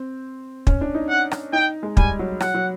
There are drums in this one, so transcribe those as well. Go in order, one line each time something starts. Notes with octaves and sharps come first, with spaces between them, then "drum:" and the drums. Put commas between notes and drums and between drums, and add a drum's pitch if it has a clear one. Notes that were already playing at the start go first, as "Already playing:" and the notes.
Already playing: C4
C#4, drum: kick
D4
D#4
F#5
drum: rim click
D#4 G5
G#3
G3 G#5, drum: kick
F#3
F#3 F#5, drum: rim click
F#3